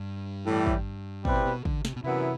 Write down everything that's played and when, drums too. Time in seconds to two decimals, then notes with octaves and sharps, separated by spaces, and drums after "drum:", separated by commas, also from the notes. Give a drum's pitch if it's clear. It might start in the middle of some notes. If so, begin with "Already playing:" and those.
Already playing: G2
0.47 A2 E3 G3
0.66 drum: kick
1.25 B2 G3 C4 E4 G4 B4, drum: kick
1.45 B2
1.65 D3, drum: kick
1.85 C3, drum: snare
1.96 B2
2.04 F#2 C3 E3 B3 E4